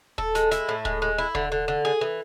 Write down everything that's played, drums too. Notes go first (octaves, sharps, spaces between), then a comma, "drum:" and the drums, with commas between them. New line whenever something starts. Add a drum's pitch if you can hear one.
A4, drum: kick D#1
G#3, drum: snare
E4, drum: snare
A2
G#3, drum: kick D#1
G#3
E4
D3, drum: kick D#1
D3
D3
G#4
E3